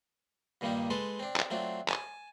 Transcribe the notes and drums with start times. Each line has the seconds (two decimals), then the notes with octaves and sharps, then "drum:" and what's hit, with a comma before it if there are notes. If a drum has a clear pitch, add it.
0.61 G2 A#2 D#3 G3 A#3 D#4
0.90 G#3 A4 B4 A5 C6
1.19 C4 D4
1.36 drum: clap
1.50 F#3 A3 C4 D4 F4
1.88 G#5 A5, drum: clap